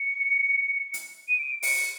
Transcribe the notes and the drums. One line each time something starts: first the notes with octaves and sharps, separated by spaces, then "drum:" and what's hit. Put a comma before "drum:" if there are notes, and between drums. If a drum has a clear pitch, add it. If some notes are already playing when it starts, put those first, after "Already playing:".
Already playing: C#7
drum: hi-hat
D#7
D7
C#7, drum: open hi-hat